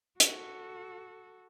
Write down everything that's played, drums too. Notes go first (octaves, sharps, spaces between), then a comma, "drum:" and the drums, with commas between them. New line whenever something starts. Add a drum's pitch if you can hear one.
F#4 A4, drum: hi-hat